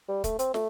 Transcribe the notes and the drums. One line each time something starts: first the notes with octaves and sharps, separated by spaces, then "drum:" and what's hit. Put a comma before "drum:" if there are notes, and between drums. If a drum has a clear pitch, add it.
G3
A3, drum: kick, hi-hat
C4, drum: hi-hat
A3, drum: snare